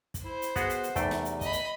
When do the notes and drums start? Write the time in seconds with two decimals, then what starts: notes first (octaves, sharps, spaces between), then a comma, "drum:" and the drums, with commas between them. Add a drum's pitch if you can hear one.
0.14 drum: kick, hi-hat
0.24 E4 C5
0.42 drum: hi-hat
0.56 B3 F#4 G#4 F#5, drum: kick, hi-hat
0.70 drum: hi-hat
0.83 drum: hi-hat
0.96 E2 C3 A3 D#4 G5, drum: kick, hi-hat
1.11 drum: snare
1.25 drum: hi-hat
1.41 D#5 B5, drum: kick, hi-hat
1.53 drum: hi-hat